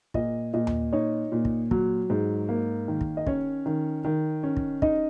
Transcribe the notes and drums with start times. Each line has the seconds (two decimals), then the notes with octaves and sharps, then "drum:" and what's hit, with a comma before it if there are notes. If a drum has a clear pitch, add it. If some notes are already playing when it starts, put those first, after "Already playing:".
0.14 A#2 D#5, drum: kick
0.54 A#2 D#5
0.67 drum: tom D#2
0.93 D#4 C#5
1.32 A#2
1.45 drum: kick
1.71 F#3, drum: kick
2.10 G#2
2.49 A#3
2.88 D#3
3.01 drum: kick
3.17 D#5
3.27 C#4 C#5, drum: kick
3.66 D#3
4.05 D#3
4.43 C#4
4.57 drum: kick
4.82 D#4 D#5, drum: kick